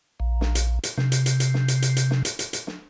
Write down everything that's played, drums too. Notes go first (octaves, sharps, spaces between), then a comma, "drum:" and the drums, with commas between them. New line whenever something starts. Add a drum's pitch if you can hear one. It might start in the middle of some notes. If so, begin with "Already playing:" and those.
A#1
drum: snare
drum: hi-hat
drum: hi-hat
C3, drum: snare
drum: hi-hat
drum: hi-hat
drum: hi-hat
drum: snare
drum: hi-hat
drum: hi-hat
drum: hi-hat
drum: snare
drum: hi-hat
drum: hi-hat
drum: hi-hat
drum: snare